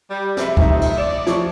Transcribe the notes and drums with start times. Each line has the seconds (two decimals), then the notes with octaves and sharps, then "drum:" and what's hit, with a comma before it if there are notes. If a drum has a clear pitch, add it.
0.10 G3
0.37 F2 C3 E5 B5, drum: snare
0.57 A3 D#4, drum: kick
0.81 drum: cymbal
0.98 D5 E7
1.26 F3 C#5 C#6, drum: snare